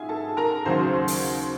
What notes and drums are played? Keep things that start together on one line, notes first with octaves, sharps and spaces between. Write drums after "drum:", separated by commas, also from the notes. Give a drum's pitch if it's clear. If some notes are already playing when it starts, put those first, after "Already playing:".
Already playing: G#2 F4 F#4 G#4 E5 F5 G#5
A4 A5
A#4 A#5
D#2 C#3 F#3 C5 C6
drum: open hi-hat